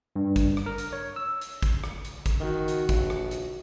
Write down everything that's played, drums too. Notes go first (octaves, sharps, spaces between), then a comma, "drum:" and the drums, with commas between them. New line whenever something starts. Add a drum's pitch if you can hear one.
G2
drum: kick, hi-hat
drum: rim click
A#4
drum: hi-hat
C#5
E6
drum: hi-hat
drum: kick, hi-hat
drum: rim click
drum: hi-hat
drum: kick, hi-hat
D#3 F#4
drum: hi-hat
A#1, drum: kick, hi-hat
drum: rim click
drum: hi-hat